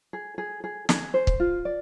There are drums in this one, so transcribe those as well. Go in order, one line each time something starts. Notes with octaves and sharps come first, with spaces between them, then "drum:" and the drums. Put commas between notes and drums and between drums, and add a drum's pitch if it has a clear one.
G#4
G#4
G#4
G#4, drum: snare
C5
drum: kick
F4
D5